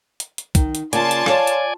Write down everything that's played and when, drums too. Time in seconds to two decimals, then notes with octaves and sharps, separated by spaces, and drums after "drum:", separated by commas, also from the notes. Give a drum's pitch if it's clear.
0.20 drum: hi-hat
0.38 drum: hi-hat
0.55 D#3, drum: kick, hi-hat
0.75 drum: hi-hat
0.93 C#3 A#3 F4 D5 G#5 A5 C6, drum: hi-hat
1.11 drum: hi-hat
1.26 C#5 F5, drum: rim click
1.47 drum: hi-hat